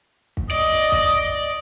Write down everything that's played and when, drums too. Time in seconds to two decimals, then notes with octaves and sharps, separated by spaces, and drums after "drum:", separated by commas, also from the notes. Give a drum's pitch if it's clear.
0.37 drum: kick
0.51 D5 D#5
0.92 drum: kick